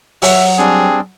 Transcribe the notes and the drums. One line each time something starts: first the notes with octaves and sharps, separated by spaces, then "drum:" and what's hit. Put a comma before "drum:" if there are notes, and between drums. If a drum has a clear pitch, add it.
F#3 E5, drum: open hi-hat
G3 C4 D4 G#4